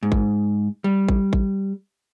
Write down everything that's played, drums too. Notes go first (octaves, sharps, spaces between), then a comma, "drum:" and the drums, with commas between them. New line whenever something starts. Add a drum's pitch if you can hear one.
G#2
drum: kick A1
G3
drum: kick A1
drum: kick A1